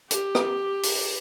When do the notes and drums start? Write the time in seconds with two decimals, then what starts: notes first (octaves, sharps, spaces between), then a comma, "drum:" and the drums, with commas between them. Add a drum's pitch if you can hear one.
0.11 G4, drum: hi-hat
0.35 drum: rim click
0.83 drum: open hi-hat